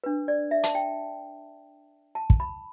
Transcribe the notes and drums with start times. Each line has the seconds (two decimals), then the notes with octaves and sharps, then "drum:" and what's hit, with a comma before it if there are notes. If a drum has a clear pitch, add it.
0.04 D4 B4
0.28 D5
0.51 E5
0.64 A5, drum: hi-hat
0.75 G5
2.15 A5
2.30 drum: kick
2.40 B5